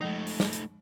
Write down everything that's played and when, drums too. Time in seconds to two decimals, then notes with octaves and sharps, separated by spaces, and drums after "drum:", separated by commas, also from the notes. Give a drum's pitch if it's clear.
0.01 F3 G#3 A3 D#4
0.27 drum: open hi-hat
0.40 drum: snare
0.53 drum: hi-hat